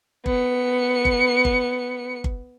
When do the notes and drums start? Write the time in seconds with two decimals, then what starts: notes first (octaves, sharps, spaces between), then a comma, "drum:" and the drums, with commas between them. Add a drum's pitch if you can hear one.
0.26 B3 C#7, drum: kick G1
1.05 drum: kick G1
1.45 drum: kick G1
2.24 drum: kick G1